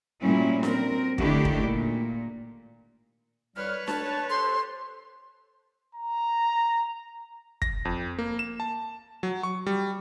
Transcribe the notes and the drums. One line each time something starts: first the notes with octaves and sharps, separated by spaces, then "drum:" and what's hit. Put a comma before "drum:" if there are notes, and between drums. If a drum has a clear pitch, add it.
A#2 F#3 G3 C#4 E4
C4 A#4, drum: snare D4
D3 D#3 A3 D4 E4 G4, drum: kick
drum: kick
A#2
C2 G3 B4 C#5 F6
A5, drum: snare D4
G4 A4 C5 C6
A#5
A#6, drum: kick
F2
A#3
E7
A5
F#3
C#6
G3